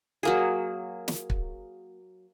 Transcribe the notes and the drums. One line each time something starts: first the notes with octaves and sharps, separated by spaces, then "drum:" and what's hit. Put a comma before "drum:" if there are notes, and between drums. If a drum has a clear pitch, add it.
F#3 A#3 G#4
drum: snare
drum: kick